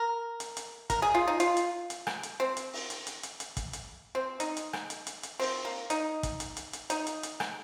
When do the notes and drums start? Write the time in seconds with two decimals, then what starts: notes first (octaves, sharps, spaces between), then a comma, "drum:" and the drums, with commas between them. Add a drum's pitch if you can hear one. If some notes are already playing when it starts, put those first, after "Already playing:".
Already playing: A#4
0.40 drum: hi-hat
0.57 drum: hi-hat
0.90 A#4, drum: kick, hi-hat
1.02 G#4
1.15 F4
1.28 D#4
1.40 F4, drum: hi-hat
1.57 drum: hi-hat
1.90 drum: hi-hat
2.07 drum: rim click
2.23 drum: hi-hat
2.40 C4
2.57 drum: hi-hat
2.73 drum: open hi-hat
2.90 drum: hi-hat
3.07 drum: hi-hat
3.23 drum: hi-hat
3.40 drum: hi-hat
3.57 drum: kick, hi-hat
3.73 drum: hi-hat
4.15 C4
4.40 D#4, drum: hi-hat
4.57 drum: hi-hat
4.73 drum: rim click
4.90 drum: hi-hat
5.07 drum: hi-hat
5.23 drum: hi-hat
5.40 C4, drum: open hi-hat
5.65 A#3
5.90 D#4, drum: hi-hat
6.23 drum: kick, hi-hat
6.40 drum: hi-hat
6.57 drum: hi-hat
6.73 drum: hi-hat
6.90 D#4, drum: hi-hat
7.07 drum: hi-hat
7.23 drum: hi-hat
7.40 drum: rim click